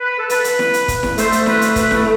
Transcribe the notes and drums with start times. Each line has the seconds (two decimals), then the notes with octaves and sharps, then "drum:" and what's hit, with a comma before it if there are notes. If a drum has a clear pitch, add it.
0.01 B4
0.18 A4
0.30 B4, drum: hi-hat
0.44 drum: hi-hat
0.59 drum: snare E4
0.74 drum: hi-hat
0.88 drum: kick, hi-hat
1.03 drum: snare E4
1.18 A3 C5, drum: hi-hat
1.32 drum: hi-hat
1.46 B4, drum: snare E4
1.61 drum: hi-hat
1.76 B4, drum: kick, hi-hat
1.91 drum: snare E4